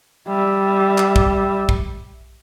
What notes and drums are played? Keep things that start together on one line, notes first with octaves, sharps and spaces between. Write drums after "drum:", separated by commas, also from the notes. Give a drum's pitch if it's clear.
G3 E5
drum: clap
drum: kick
drum: kick